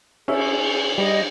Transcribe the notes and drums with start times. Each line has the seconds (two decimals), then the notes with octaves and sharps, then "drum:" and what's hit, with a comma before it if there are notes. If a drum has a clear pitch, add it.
0.28 C#4 G#4 E5, drum: cymbal
0.98 G3 D#5